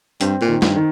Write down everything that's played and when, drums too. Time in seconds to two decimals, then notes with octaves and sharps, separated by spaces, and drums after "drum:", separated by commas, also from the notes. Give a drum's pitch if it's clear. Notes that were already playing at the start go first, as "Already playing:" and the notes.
0.21 G2 C4, drum: hi-hat
0.41 A#2
0.48 D#3
0.62 G2, drum: snare
0.76 D#3